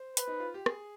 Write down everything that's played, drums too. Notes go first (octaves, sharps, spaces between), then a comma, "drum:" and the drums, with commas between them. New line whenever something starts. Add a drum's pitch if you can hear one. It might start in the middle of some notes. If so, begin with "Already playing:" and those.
Already playing: C5
B4, drum: hi-hat
D#4
F4
G4
G#4, drum: rim click